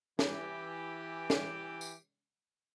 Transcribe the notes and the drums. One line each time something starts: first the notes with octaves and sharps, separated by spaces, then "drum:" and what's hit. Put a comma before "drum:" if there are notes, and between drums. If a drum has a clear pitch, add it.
E3 G4, drum: snare
drum: snare
drum: tambourine